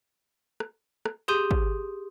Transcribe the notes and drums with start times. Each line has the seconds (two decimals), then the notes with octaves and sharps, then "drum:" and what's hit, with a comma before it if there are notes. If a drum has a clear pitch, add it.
0.60 drum: rim click
1.06 drum: rim click
1.28 G4 G#4 C6 D#6 G6 D#7
1.51 drum: kick